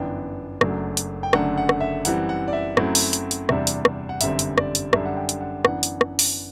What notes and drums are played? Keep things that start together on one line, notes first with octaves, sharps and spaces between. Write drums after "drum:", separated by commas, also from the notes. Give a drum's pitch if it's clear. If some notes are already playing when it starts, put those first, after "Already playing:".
Already playing: G1 F#2 E3 B3 D4 G5
F#1 F#2 F#3 A3 D4, drum: rim click
drum: hi-hat
G5
F#1 F#2 D3 A3 D4 F#5, drum: rim click
F#5
drum: rim click
E5
F#2 E3 G3 C4 F#5, drum: hi-hat
F#5
D5
E5
F#2 F#3 A3 C4 E4, drum: rim click
drum: open hi-hat
drum: hi-hat
drum: hi-hat
E2 C3 G3 D4 E5, drum: rim click
drum: hi-hat
drum: rim click
F#5
G1 F#2 D3 G3 C4 E5, drum: hi-hat
drum: hi-hat
D5, drum: rim click
drum: hi-hat
F#2 D3 G3 D4 E5, drum: rim click
F#5
G5
drum: hi-hat
F#5
F#2 E3 B3 D4 F#5, drum: rim click
drum: hi-hat
drum: rim click
drum: open hi-hat